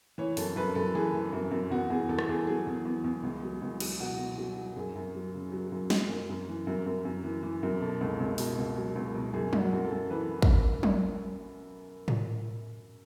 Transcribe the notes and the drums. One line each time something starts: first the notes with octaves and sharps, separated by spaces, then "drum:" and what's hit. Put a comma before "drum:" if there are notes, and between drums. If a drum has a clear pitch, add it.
E3 C#5
F#2 A4, drum: open hi-hat
F#2 B4
F#2 A4
E3 G#4
E3
F#2
F#2
E2 F#4
E2 G#4
E2 A4
drum: rim click
E2 G#4
F#3 G#4
E2
E2
E2
C#2
F#3
C#2
F#3, drum: cymbal
B2 F#4
B2
F#3 F#4
F#3
F#2 G#4
F#2
F#3
C#3
F#3
F#2
F#3, drum: snare
F#2
F#2
E3
F#2
F#2
F#2
E3
E3
F#2
B2 A4
C#2
C#2
B2, drum: open hi-hat
C#2
F#3
C#2
B2
F#2 G#4
F#2, drum: tom F#3
F#4
F#2
A4
F#2
E3 B4
drum: kick
drum: tom F#3
drum: tom A2